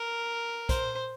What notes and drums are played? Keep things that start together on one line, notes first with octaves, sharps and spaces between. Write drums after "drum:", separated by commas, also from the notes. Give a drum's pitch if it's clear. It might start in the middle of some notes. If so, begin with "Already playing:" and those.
Already playing: A#4
C5, drum: kick, hi-hat